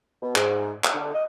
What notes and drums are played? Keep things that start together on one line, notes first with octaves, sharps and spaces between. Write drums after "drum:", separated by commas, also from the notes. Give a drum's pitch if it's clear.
B2
G#2, drum: clap
drum: clap
D3
D#5